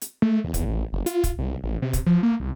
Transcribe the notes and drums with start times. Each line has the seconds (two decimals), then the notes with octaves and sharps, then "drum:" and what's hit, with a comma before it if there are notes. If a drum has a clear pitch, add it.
0.02 drum: hi-hat
0.22 A3
0.44 E2
0.54 drum: kick, hi-hat
0.65 A1
0.93 F#1
1.06 F4, drum: hi-hat
1.24 drum: kick, hi-hat
1.39 C2
1.64 A1
1.82 C3
1.93 drum: kick, hi-hat
2.06 F3
2.23 A#3
2.40 C2